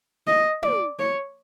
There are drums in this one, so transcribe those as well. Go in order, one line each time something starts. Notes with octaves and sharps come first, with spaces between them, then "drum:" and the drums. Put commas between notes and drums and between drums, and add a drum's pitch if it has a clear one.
D#5
D5, drum: tom
C#5